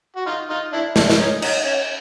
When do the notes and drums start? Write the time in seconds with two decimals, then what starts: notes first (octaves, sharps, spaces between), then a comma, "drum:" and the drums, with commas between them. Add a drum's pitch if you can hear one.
0.16 F#4
0.26 D#4 F4
0.50 D#4 F4
0.72 D4 E4
0.96 D4 E4, drum: snare
1.10 drum: snare
1.19 C#4 D#4
1.42 C#4 D#4, drum: cymbal
1.65 C#4